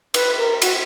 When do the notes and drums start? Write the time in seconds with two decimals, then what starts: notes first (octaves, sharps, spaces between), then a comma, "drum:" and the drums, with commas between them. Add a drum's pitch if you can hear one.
0.14 B4, drum: cymbal
0.38 A#4
0.62 F#4, drum: cymbal